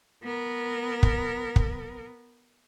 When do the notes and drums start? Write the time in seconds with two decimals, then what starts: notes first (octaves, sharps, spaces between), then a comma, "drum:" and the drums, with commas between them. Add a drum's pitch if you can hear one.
0.23 B3 A#4
1.03 drum: kick
1.56 drum: kick